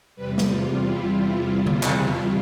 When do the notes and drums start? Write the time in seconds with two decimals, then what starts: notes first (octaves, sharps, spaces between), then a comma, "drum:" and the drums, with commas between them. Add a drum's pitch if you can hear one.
0.16 E2 C3 G3 B4
0.38 drum: snare
0.48 F4
0.79 E4
1.66 drum: tom C#3
1.83 drum: clap